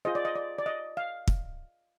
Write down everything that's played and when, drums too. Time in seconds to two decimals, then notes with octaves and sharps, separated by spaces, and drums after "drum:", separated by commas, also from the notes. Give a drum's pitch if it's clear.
0.05 F4 G#4 C5 D#5
0.15 D5
0.25 D#5
0.35 D5
0.58 D5
0.66 D#5
0.97 F5
1.28 drum: kick